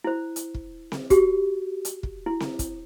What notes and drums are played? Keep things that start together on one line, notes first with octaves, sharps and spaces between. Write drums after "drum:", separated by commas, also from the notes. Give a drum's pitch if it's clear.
E4 C5
drum: hi-hat
drum: kick
drum: snare C4
F#4 G4, drum: kick, hi-hat
drum: hi-hat
drum: kick
E4
drum: snare C4
drum: kick, hi-hat